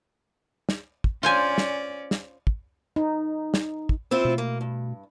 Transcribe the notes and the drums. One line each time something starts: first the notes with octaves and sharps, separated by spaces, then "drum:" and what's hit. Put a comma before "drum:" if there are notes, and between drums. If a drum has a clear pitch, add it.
drum: snare
drum: kick
C#4 F4 C5 D5 G#5
drum: snare
drum: snare
drum: kick
D#4
drum: snare
drum: kick
C4 E4 F4
B2 A3
A#3
G2